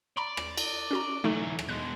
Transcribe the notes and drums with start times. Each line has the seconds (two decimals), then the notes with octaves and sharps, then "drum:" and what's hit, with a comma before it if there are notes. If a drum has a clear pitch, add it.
0.17 D5 A#5 B5
0.37 drum: rim click
0.58 drum: cymbal
0.91 C#4 F#4 A#5
1.24 E3 F#3 A3 D#4 A4
1.59 drum: rim click
1.69 B2 G#3 F#6